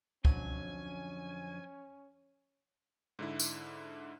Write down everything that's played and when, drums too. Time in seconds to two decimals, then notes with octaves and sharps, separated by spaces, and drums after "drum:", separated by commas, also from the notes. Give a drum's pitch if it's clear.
0.25 F2 D3 F#3 C#4 G#5, drum: kick
3.19 G#2 D3 E4
3.40 drum: tambourine